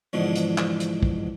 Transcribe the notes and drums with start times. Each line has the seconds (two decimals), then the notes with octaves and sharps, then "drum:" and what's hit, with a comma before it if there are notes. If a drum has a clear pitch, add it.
0.13 E2 G#2 B2 D3 F3
0.36 drum: hi-hat
0.58 drum: clap
0.80 drum: hi-hat
1.03 drum: kick